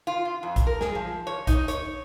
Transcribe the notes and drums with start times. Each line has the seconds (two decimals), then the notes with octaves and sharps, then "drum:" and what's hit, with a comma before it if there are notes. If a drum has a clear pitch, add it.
0.07 F4
0.25 F4
0.43 F2
0.56 drum: kick A#1, hi-hat
0.67 A#4
0.81 G#4, drum: snare
0.95 F3
1.27 C#5
1.47 D#4, drum: kick A#1, hi-hat
1.68 C#5, drum: hi-hat